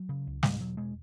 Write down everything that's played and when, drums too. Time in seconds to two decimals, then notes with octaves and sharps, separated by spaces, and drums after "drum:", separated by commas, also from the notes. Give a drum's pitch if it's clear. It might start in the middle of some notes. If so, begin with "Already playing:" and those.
Already playing: F#3
0.09 C#3
0.27 C#2
0.43 G#2 B2 G#3, drum: snare
0.60 E1 F#3
0.77 B2 G#3